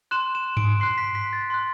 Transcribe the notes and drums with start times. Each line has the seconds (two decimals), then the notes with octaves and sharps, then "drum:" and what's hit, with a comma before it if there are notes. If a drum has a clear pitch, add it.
0.11 C6 F#6 E7
0.35 E7
0.57 D7, drum: tom G2
0.80 C6 F#6 C7
0.98 B6
1.15 B6
1.33 A6
1.50 C6 F#6